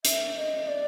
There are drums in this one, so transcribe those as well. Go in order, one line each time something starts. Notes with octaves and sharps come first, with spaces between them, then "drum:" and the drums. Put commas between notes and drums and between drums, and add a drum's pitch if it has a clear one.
E5, drum: hi-hat
D#5
D5